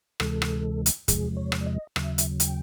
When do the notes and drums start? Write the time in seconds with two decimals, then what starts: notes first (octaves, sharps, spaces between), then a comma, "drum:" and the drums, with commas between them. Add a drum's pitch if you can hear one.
0.20 D2 C3 E3 G#3 A4, drum: rim click
0.42 drum: rim click
0.86 drum: hi-hat
1.08 E2 C3 F3 G#3 G#4, drum: kick, hi-hat
1.37 C#5
1.52 drum: rim click
1.61 D5
1.67 D#5
1.96 D#2 C#3 F#3 E5, drum: rim click
2.18 drum: hi-hat
2.40 G5, drum: hi-hat